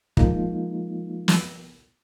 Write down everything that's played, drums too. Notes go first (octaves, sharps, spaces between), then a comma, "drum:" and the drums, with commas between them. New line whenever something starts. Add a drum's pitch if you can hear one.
F3 G#3 A#3 D#4 F4, drum: kick
drum: snare